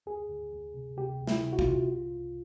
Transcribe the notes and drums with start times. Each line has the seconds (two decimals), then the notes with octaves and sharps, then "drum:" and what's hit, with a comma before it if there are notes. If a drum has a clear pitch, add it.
0.06 D2 G#4
0.30 D2
0.52 D2
0.74 C3
0.97 C3 G4
1.20 D2
1.27 E4, drum: snare
1.43 C3
1.53 F#4
1.59 F4, drum: kick
1.65 C3
1.88 C2
2.11 C2